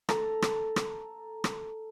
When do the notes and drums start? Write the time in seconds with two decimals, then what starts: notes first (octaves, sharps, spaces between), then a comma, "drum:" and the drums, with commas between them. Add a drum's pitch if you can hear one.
0.09 A4 A#5, drum: rim click
0.42 drum: rim click
0.76 drum: rim click
1.44 drum: rim click